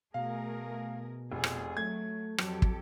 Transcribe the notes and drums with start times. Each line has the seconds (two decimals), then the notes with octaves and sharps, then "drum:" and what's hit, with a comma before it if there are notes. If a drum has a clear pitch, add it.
0.14 B2 A3 G#4 A#4 F5
1.32 F1 F4 G#4
1.44 drum: rim click
1.77 F#3 A3 G#6
2.38 F2 F#3 G4 A4, drum: rim click
2.62 drum: kick